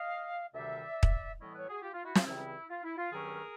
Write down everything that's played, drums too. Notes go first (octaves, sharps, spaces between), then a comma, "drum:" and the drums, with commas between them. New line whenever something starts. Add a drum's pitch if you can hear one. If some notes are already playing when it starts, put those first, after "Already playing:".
Already playing: D#5 F5
D2 C3 D#3 G3 D5 E5
drum: kick
A2 E3 G3 B3 E4 C#5 D#5
B4 C#5
F#4 G#4
F4 G4
F4
E4 F#4
F4, drum: snare
C#2 C#3 E3 G3 C4 E4
F4
E4
F4
G2 D#3 F#3 A3 C#4 G#4 A#4